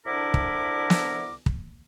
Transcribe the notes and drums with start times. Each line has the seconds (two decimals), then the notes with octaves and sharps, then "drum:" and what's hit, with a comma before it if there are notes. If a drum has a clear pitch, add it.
0.06 C2 D3 D4 E4 A#4 D6
0.34 drum: kick
0.90 drum: snare
1.46 drum: kick